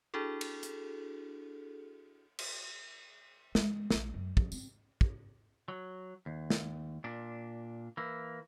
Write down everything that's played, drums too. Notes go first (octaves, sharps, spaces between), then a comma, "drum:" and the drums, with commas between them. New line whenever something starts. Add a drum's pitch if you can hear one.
D4 E4 F#4 G#4 A4
drum: cymbal
drum: hi-hat
drum: cymbal
G#3, drum: snare
E1 A#1, drum: snare
F#2
F3, drum: kick
C4, drum: tambourine
drum: kick
F#3
D#2
drum: snare
A#2 D4
E3 A#3